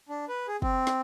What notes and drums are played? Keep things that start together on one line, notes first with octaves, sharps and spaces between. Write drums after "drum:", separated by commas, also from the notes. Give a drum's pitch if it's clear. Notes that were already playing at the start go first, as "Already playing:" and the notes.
D4
B4
G#4
C4, drum: kick
drum: snare